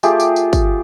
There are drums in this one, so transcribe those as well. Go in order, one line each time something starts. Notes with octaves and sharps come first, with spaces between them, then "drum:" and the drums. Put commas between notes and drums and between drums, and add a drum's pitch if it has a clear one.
A3 F4 G4 G#4, drum: tambourine
drum: tambourine
drum: tambourine
drum: kick, tambourine